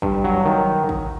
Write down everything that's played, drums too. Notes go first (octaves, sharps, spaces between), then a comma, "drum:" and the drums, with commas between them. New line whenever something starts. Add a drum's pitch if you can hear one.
G2, drum: kick
F#3
D#3
drum: kick